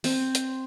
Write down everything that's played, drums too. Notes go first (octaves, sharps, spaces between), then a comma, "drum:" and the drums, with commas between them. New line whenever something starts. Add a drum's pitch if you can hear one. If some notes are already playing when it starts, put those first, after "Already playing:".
C4, drum: open hi-hat
drum: hi-hat